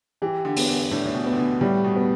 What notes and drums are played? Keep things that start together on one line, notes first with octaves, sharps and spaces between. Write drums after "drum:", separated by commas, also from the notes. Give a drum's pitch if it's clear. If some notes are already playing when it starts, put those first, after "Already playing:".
E3 G4
D3
B3, drum: open hi-hat
E2
A2 D4
A2
B2
B3
D3
B2
A2 G3
B2
B3